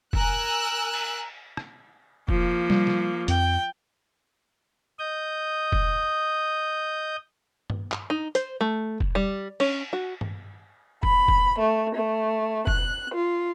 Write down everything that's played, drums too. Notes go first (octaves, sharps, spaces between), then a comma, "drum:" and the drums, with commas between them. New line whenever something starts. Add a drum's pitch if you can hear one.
A#4 G#5 E6 F#6, drum: kick F1
drum: cymbal
drum: rim click
F3 A#3, drum: kick F1
G3, drum: snare
drum: snare
F2 G5, drum: hi-hat
D#5 D#6 G6
drum: kick F1
drum: tom G2
drum: clap
D#4
C5, drum: hi-hat
A3
drum: kick F1
G3
C#4, drum: cymbal
F#4
drum: tom G2
B5, drum: kick F1
drum: kick F1
A3
A3
F#6, drum: kick F1
F4